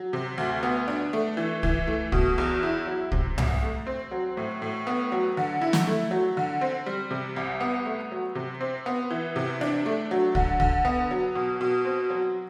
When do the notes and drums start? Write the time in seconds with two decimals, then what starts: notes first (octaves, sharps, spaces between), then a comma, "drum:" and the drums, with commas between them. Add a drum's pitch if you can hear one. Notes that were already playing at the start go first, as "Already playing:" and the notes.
Already playing: F#3
0.13 C3
0.38 D2
0.63 B3
0.88 D4
1.13 A3
1.37 E3
1.63 E3, drum: kick C2
1.87 A3
2.12 B2, drum: kick C2
2.38 E2
2.63 E4
2.87 F#3
3.12 C3, drum: kick C2
3.38 C2, drum: tom C2
3.63 A3
3.87 C4
4.11 F#3
4.37 A2
4.62 A2
4.87 B3
5.12 F#3
5.37 D3
5.61 E4
5.73 drum: snare
5.87 A3
6.11 F#3
6.37 D3
6.61 C4
6.86 G3
7.11 C3
7.36 C2
7.60 B3
7.85 A3
8.12 F#3
8.35 C3
8.61 C4
8.86 B3
9.10 E3
9.36 C3
9.61 D4
9.86 A3
10.11 F#3
10.35 D3, drum: kick C2
10.60 D3, drum: kick C2
10.85 B3
11.11 F#3
11.35 B2
11.61 B2
11.85 C4
12.10 F#3